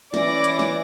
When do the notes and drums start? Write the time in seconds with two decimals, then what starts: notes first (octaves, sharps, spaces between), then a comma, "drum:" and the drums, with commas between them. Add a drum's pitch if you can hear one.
0.14 E3 C#4 D5 D6 A#6, drum: snare
0.44 drum: hi-hat
0.59 drum: snare